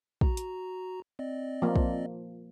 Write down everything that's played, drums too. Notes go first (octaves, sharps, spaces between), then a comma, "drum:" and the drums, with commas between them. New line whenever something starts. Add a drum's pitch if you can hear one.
F#4 A#5, drum: kick
drum: hi-hat
C4 D5 D#5
F3 A#3
drum: kick